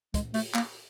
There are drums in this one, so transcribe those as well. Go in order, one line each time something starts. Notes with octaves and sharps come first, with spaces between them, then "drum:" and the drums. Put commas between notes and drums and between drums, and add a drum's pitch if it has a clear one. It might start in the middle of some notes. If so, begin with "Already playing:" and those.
G#3, drum: kick, hi-hat
A3, drum: open hi-hat
A#3, drum: clap